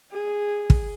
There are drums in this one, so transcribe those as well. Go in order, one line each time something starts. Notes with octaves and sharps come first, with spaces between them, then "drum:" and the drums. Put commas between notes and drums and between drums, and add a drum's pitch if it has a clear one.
G#4
drum: kick